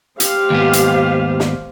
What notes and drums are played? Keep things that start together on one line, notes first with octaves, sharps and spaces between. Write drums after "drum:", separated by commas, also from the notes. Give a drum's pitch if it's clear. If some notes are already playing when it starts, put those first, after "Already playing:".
G4 C5 F5, drum: hi-hat
D#2 G#2 B3
drum: hi-hat
drum: snare